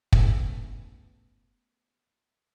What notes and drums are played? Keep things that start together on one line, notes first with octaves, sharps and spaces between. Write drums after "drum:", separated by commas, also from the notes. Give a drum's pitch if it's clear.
A3 B3 C#4 E4 G#4 A4, drum: kick